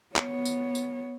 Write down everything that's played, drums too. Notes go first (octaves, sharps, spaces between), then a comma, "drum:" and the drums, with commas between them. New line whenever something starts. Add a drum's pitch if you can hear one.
B3 C#5, drum: clap
drum: tambourine
drum: tambourine